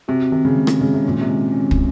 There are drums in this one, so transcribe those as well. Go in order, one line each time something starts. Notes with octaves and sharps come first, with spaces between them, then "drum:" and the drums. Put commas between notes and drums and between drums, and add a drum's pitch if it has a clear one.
C3 F#4
C3 D#3
C#3
G#3
drum: rim click
C#3 G#3
C3
A#2 C#4
C3
G#3
C#4
drum: kick